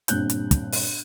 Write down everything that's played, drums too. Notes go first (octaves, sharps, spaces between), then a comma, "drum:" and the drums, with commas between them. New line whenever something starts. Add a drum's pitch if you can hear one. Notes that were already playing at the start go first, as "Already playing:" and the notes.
G1 G2 A#2 C4 F#6 G6, drum: hi-hat
drum: hi-hat
drum: kick, hi-hat
drum: open hi-hat